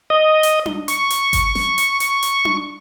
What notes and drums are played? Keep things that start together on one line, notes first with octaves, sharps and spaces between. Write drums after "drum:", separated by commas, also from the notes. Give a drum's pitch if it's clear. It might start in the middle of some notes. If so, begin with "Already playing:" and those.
D#5
drum: hi-hat
drum: tom D4
C#6, drum: hi-hat
drum: hi-hat
drum: kick G1, hi-hat
drum: snare
drum: hi-hat
drum: hi-hat
drum: hi-hat
drum: tom D4